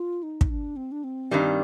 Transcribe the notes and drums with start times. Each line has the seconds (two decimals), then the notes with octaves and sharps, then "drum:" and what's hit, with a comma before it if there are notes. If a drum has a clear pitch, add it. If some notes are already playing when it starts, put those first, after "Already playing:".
Already playing: F4
0.23 D#4
0.41 drum: kick
0.50 D4
0.76 C4
0.92 D4
1.04 C4
1.31 G2 D#3 G3